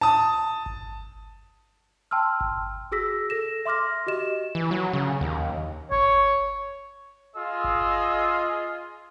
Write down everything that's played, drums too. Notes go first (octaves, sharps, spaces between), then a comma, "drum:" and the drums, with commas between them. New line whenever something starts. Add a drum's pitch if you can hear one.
A5 D#6
drum: kick G1
G5 A5 C6 E6 F6
drum: kick G1
F#4 G#4 E6 A#6 B6
A4 A#6 E7
E5 C6 D6 F6 A#6
F#4 G4 D#5 E7
E3
F#3
C#3
D#2
C#5, drum: kick G1
F4 G#4 D#5 E6
drum: kick G1